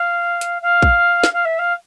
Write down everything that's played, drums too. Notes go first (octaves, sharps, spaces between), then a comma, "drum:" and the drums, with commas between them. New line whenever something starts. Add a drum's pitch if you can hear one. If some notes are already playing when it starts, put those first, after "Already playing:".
Already playing: F5
drum: hi-hat
F5
drum: kick
drum: snare
F5
E5
F5